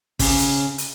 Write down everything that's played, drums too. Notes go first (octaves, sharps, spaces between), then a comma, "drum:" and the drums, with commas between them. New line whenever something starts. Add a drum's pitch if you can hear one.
C#3, drum: kick, open hi-hat
drum: hi-hat
drum: hi-hat